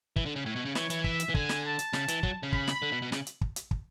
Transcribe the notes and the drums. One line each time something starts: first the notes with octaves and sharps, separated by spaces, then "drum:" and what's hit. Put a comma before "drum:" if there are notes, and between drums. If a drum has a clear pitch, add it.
E3, drum: kick
D3
C#3
A2 C#5
B2
C#3
E3 C#5, drum: snare
E3, drum: hi-hat
E5, drum: kick
drum: hi-hat
E3
D3 G#5, drum: kick
drum: snare
A5
drum: hi-hat
C#3, drum: snare
E3, drum: hi-hat
F#3, drum: kick
C#3
B5, drum: kick
drum: snare
D3
B2
B2
C#3, drum: snare
drum: hi-hat
drum: kick
drum: hi-hat
drum: kick